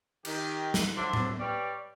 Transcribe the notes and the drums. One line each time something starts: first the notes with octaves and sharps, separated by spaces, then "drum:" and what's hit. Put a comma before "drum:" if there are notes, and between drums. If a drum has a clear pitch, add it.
D#3 G4, drum: cymbal
drum: snare
D3 F#3 D4 C5 E5 A5
drum: tom A2
G3 B4 C#5 D5